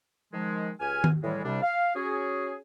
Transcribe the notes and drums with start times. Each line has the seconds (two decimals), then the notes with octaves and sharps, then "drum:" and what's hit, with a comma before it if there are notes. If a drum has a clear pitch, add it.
0.33 D#3 F3 G#3
0.80 C#2 G4 G#5 F6
1.04 drum: tom D#3
1.22 A2 E3 G3 G#3
1.45 C2 C3 G3 D4
1.62 F5
1.95 C#4 F#4 G#4